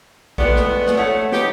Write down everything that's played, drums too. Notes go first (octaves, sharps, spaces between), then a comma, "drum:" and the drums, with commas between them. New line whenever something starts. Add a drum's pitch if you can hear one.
G#3 A3 B3 F4 G4 D5, drum: kick A#1
drum: snare
drum: snare
A3 C#5 F#5
B3 D#4 G4, drum: snare